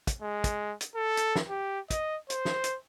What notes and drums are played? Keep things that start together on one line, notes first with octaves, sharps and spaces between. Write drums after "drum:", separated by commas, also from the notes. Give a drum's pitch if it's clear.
drum: kick, hi-hat
G#3
drum: kick, hi-hat
drum: hi-hat
A4
drum: hi-hat
drum: snare
G4
D#5, drum: kick, hi-hat
C5, drum: hi-hat
drum: snare
drum: hi-hat